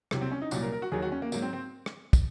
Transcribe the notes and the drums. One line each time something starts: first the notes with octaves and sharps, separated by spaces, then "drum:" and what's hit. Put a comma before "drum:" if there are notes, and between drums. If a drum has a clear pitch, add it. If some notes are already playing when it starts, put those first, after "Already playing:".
C2 C3 F#3, drum: rim click
C4
C#4
D#4
C2 A#2 F#3 F#4, drum: tambourine
A#4
A#4
F#4
D#2 D#3 F#3 G#4
F#4
C#4
A#3
G#2 F#3 A#3, drum: tambourine
C4
C4
drum: rim click
drum: kick, tambourine